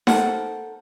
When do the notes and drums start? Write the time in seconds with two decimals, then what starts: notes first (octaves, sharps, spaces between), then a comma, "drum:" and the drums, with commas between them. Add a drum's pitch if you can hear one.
0.07 A4 A#4 C5 F#5, drum: snare D#4